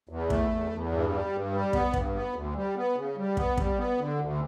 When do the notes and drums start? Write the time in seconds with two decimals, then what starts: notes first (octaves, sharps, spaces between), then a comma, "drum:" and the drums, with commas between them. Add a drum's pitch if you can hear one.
0.09 E2
0.30 A3, drum: kick
0.51 E2
0.71 E2
0.92 G2
1.12 G3
1.32 G2
1.53 G3
1.73 B3, drum: kick
1.93 G2, drum: kick
2.15 B3
2.34 D2
2.55 G3
2.76 B3
2.96 C#3
3.17 G3
3.37 B3, drum: kick
3.57 G3, drum: kick
3.78 B3
3.98 D3
4.19 D2